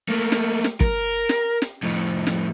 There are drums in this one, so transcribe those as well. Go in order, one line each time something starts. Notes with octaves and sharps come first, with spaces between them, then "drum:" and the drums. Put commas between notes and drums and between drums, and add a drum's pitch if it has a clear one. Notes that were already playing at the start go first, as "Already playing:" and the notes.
A3 A#3
drum: snare
drum: snare
A#4, drum: kick
drum: snare
drum: snare
F2 A2
drum: snare